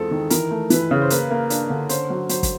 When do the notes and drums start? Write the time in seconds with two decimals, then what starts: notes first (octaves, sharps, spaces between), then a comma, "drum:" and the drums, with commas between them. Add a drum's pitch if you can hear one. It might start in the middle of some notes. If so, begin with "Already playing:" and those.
Already playing: E2 G#3 C4 F4 A4
0.11 D#3
0.30 E3 A#4, drum: hi-hat
0.51 A3
0.70 E3 B4, drum: hi-hat
0.91 C#3
1.02 C5
1.10 A#3 B4, drum: hi-hat
1.30 A#3
1.50 D4, drum: hi-hat
1.70 D3
1.89 C#4 C5, drum: hi-hat
2.10 F#3
2.29 F#3 C5, drum: hi-hat
2.43 drum: kick, hi-hat